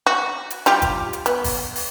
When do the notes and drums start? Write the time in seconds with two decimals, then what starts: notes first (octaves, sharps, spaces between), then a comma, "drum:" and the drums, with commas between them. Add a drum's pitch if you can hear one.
0.06 F#4
0.50 drum: hi-hat
0.66 G3 F4 G4, drum: hi-hat
0.82 drum: kick G1, hi-hat
1.13 drum: hi-hat
1.26 B3, drum: hi-hat
1.44 drum: kick G1, open hi-hat
1.76 drum: open hi-hat